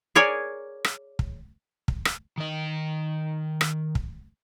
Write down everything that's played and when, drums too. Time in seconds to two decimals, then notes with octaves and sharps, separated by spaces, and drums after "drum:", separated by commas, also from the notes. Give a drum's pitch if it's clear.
0.15 G#4 A#4 C#5 D5 G#5
0.84 drum: rim click
1.19 drum: kick
1.88 drum: kick
2.05 drum: rim click
2.38 D#3 D#5
3.61 drum: rim click
3.95 drum: kick